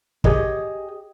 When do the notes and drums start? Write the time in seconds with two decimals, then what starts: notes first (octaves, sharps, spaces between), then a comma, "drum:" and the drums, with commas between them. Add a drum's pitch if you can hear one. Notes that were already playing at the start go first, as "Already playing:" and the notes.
0.24 G4 G#4 C#5 D#5, drum: kick